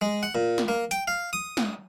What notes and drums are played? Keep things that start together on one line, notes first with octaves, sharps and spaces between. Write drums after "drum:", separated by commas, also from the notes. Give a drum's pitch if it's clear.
G#3
F#5
A#2
drum: snare
A#3
G5, drum: hi-hat
F5
D#6
drum: snare